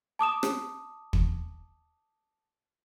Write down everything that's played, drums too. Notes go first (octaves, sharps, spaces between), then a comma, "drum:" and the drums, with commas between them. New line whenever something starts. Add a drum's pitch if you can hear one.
A5 D6 D#6 E7
drum: rim click
drum: kick